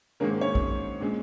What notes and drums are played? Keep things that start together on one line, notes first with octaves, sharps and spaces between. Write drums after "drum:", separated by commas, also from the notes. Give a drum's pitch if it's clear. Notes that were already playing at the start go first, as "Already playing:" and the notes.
G#2 D#3 G#3 A#3 C#4 A#4
C#4 C#5
drum: kick A#1
A#2 G#3 C#4